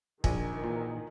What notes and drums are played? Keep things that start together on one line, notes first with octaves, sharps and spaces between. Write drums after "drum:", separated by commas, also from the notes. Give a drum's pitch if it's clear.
A#1 D#3 G#5, drum: kick
A#2 E3